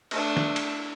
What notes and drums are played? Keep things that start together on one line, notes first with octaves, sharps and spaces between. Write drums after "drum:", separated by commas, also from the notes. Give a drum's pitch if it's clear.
A3 D4, drum: cymbal
drum: snare
drum: cymbal